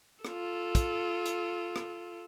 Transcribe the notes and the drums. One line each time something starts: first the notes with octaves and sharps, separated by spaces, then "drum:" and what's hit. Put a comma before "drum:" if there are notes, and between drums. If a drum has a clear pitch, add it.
F4 A4, drum: rim click
drum: kick, hi-hat
drum: hi-hat
drum: rim click